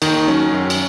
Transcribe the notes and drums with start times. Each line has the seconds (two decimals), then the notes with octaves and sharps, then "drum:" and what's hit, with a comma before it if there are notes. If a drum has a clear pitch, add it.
0.02 D#2 D#3 D#4, drum: cymbal
0.28 D#3 F#3 C#4
0.53 F#2
0.70 drum: cymbal